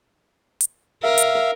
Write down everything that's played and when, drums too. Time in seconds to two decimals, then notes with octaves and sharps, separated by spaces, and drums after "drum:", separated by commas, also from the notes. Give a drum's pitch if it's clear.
0.61 drum: hi-hat
1.03 A#4 E5 F5
1.18 drum: hi-hat